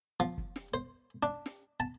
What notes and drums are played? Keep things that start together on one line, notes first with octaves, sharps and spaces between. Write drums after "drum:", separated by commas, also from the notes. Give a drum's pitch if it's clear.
F3
drum: kick
drum: snare
C5
D4
drum: snare
A5